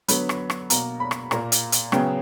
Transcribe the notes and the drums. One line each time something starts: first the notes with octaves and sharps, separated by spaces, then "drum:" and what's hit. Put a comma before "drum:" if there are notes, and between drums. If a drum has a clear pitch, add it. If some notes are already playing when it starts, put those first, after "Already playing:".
D3 F#3 B3 B5, drum: hi-hat
drum: rim click
drum: rim click
B2 A#3 A#5, drum: hi-hat
B5
drum: rim click
A#2 A#3 A#5, drum: rim click
drum: hi-hat
drum: hi-hat
C#3 F#3 B3 G5, drum: rim click